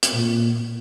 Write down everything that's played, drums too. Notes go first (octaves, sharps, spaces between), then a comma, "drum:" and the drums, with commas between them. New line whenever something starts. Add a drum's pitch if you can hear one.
drum: hi-hat
A#2